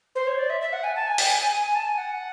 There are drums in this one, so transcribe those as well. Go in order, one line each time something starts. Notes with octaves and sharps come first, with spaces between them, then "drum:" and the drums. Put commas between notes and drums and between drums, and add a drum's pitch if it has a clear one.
C5
C#5
D5
E5
E5
F#5
G#5
A5
G#5
G5, drum: open hi-hat
G#5
G#5
G#5
G#5
A5
G#5
F#5